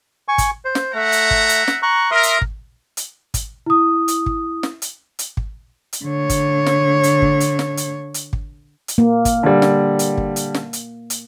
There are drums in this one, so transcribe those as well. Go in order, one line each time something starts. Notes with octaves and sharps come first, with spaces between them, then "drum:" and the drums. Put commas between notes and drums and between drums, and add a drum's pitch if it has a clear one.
G#5 C#6
drum: kick, hi-hat
C5
drum: snare
A3 E5 F#5 A#5
drum: hi-hat
drum: kick
drum: hi-hat
drum: snare
A#5 C#6 F#6
A#4 E5 C6 D#6
drum: hi-hat
drum: kick
drum: hi-hat
drum: kick, hi-hat
E4 D#6
drum: hi-hat
drum: kick
drum: snare
drum: hi-hat
drum: hi-hat
drum: kick
drum: hi-hat
D3 C#5
drum: kick, hi-hat
drum: snare
drum: hi-hat
drum: kick
drum: hi-hat
drum: snare
drum: hi-hat
drum: hi-hat
drum: kick
drum: hi-hat
A#3
drum: kick, hi-hat
D3 G3
drum: snare
drum: hi-hat
drum: kick
drum: hi-hat
drum: snare
drum: hi-hat
drum: hi-hat